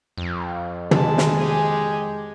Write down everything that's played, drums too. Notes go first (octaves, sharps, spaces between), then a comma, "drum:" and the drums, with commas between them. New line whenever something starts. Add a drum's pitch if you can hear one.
F2
D#3 G#3 E4 A5 B5, drum: tom
drum: snare
G4 G#4